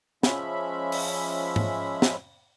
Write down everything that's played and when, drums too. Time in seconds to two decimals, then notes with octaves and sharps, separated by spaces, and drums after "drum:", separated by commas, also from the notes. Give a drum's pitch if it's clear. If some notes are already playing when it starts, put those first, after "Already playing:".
0.23 F3 G#3 C#4 E5 B5, drum: snare
0.92 drum: open hi-hat
1.56 drum: tom G#2
2.02 drum: snare